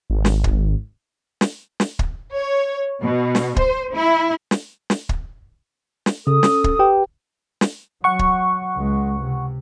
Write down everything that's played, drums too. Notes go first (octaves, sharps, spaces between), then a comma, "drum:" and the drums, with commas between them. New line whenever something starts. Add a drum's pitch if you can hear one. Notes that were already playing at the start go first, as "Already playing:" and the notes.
G#1
drum: snare
drum: kick
drum: snare
drum: snare
drum: kick
C#5
B2
drum: snare
C5, drum: kick
E4
drum: snare
drum: snare
drum: kick
drum: snare
C#3 A4 D#6
C#4, drum: snare
drum: kick
G4 B4 G5
drum: snare
F#3 F#5 C#6
drum: kick
C#2 G#3
C3